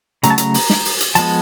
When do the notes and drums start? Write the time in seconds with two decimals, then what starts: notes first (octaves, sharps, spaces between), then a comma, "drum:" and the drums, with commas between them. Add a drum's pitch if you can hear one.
0.23 C#3 F#3 A3 A#5, drum: hi-hat
0.30 A5
0.38 A#5, drum: hi-hat
0.54 drum: open hi-hat
0.70 drum: snare
0.85 drum: open hi-hat
1.00 drum: hi-hat
1.15 F3 G#3 B3 A5, drum: hi-hat